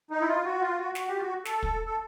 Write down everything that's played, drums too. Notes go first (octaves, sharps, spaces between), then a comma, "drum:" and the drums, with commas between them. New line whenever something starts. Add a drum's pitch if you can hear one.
D#4
E4
F4
F#4
F4
F#4
F#4, drum: snare
G4
F4
F#4
A4, drum: snare
drum: kick
A4